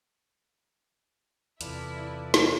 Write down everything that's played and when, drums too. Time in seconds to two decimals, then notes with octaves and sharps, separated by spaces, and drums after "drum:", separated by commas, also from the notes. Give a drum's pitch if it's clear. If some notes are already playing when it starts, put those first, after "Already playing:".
1.61 E2 C3 E4 F4 A4 B4 D5, drum: hi-hat
2.34 drum: snare